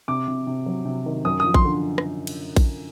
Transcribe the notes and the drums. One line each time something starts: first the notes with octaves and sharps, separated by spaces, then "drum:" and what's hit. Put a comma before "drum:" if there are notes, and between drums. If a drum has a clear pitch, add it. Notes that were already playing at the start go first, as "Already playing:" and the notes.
C3 D6
C3
C3
F#3
C3
D#3
F#2 D#6
F3 D#6
C6, drum: kick A#1
D3
drum: rim click
drum: cymbal
drum: kick A#1, cymbal